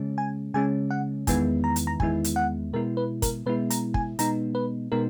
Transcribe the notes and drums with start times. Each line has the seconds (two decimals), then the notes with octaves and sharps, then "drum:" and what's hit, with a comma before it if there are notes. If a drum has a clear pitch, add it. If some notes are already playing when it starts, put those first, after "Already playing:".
Already playing: C#3 G#3 C#4
0.18 G#5
0.54 C#3 G#3 C#4 G#5
0.91 F#5
1.27 E2 D#3 G#3 B3 E4 G#5, drum: kick, hi-hat
1.64 A#5
1.76 drum: hi-hat
1.87 A#5
2.00 E2 D#3 G#3 B3 E4 G#5, drum: kick
2.24 drum: hi-hat
2.36 F#5
2.73 B2 G#3 B3 E4 A#4
2.97 B4
3.22 A#4, drum: kick, hi-hat
3.46 B2 G#3 B3 E4 B4
3.70 A#5, drum: hi-hat
3.94 G#5, drum: kick
4.19 B2 G#3 B3 D#4 A#5, drum: hi-hat
4.55 B4
4.92 B2 G#3 B3 D#4 A#4